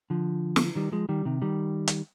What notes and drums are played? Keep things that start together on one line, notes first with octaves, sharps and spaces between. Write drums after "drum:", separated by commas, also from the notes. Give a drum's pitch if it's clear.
D3 F3
drum: snare
D#3 G3
F3 G#3
D#3 G3
C3 D#3
D#3 G3
drum: hi-hat